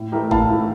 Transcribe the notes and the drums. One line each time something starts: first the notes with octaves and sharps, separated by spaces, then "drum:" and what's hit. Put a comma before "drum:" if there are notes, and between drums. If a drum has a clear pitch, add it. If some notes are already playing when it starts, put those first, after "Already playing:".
Already playing: A2
E3 A3 G4 A#4
A2 F5 A5, drum: kick G1
E3 A3